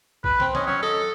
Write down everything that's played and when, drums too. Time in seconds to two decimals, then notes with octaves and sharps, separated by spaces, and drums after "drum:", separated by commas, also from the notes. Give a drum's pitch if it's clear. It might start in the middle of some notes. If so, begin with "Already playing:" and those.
0.24 B4, drum: kick
0.40 C4, drum: snare
0.55 C#4 D#5, drum: snare
0.67 F#3 C#4
0.82 A4 D#5